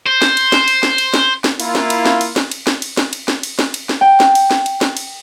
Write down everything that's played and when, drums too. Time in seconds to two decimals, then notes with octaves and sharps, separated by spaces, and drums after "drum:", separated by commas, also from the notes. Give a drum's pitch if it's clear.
0.07 C5
0.22 drum: snare
0.37 drum: cymbal
0.52 drum: snare
0.68 drum: cymbal
0.83 drum: snare
0.98 drum: cymbal
1.14 drum: snare
1.44 drum: snare
1.60 A#3 E4 F4, drum: cymbal
1.75 drum: snare
1.90 drum: cymbal
2.06 drum: snare
2.21 drum: cymbal
2.36 drum: snare
2.51 drum: cymbal
2.67 drum: snare
2.82 drum: cymbal
2.97 drum: snare
3.13 drum: cymbal
3.28 drum: snare
3.43 drum: cymbal
3.59 drum: snare
3.74 drum: cymbal
3.89 drum: snare
4.01 G5
4.20 drum: snare
4.35 drum: cymbal
4.51 drum: snare
4.66 drum: cymbal
4.81 drum: snare
4.97 drum: cymbal